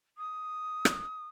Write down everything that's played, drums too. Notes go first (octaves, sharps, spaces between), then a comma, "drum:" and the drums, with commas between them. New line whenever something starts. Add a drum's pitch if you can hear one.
D#6
drum: rim click